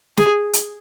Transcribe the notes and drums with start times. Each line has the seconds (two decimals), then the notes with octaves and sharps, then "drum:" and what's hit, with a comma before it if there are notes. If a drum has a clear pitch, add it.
0.17 G#4, drum: snare
0.53 drum: hi-hat